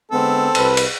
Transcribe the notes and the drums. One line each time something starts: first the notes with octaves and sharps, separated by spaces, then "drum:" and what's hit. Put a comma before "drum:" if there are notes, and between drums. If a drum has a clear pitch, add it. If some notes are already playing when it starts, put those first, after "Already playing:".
D3 G#3 B3 C4 A4
C2 B4, drum: cymbal
drum: cymbal